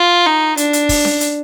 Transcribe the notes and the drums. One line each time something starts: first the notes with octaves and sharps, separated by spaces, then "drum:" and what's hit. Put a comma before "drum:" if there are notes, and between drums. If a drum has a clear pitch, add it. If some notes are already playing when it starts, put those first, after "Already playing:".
Already playing: F4
D#4
D4, drum: hi-hat
drum: hi-hat
drum: kick, open hi-hat
drum: snare C#4
drum: hi-hat